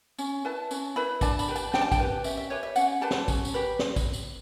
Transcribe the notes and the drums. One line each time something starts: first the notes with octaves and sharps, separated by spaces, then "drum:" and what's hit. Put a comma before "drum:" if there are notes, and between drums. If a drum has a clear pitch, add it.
C#4, drum: tambourine
E4 B4 A5
C#4, drum: tambourine
E4 B4 B5
D4 A5, drum: kick, tambourine
B5, drum: tambourine
G4 B4
A5, drum: tambourine
D4 G5, drum: snare
A5
G5, drum: kick, tambourine
G4 B4
C#4 E5, drum: tambourine
E5
G4 B4 C#5
E5
C#4 F#5, drum: tambourine
G4 B4 A5
drum: snare
C#4, drum: kick, tambourine
drum: tambourine
G4 B4
drum: snare
drum: kick, tambourine
drum: tambourine